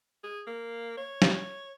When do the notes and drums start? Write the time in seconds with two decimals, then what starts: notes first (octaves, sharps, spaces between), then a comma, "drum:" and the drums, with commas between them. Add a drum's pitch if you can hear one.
0.24 G#4
0.47 A#3
0.98 C#5
1.22 drum: snare